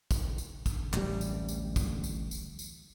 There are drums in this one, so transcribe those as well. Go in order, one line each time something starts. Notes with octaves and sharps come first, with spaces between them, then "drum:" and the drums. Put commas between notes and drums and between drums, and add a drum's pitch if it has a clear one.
drum: kick, tambourine
drum: tambourine
drum: kick, tambourine
D1 A1 G3, drum: clap
drum: tambourine
drum: tambourine
drum: kick, tambourine
drum: tambourine
drum: tambourine
drum: tambourine